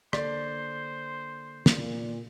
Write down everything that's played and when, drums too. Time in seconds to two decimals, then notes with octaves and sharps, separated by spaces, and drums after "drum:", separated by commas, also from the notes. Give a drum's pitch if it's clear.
0.13 D3 A#3 A4 C5 D5, drum: rim click
1.66 A#2, drum: snare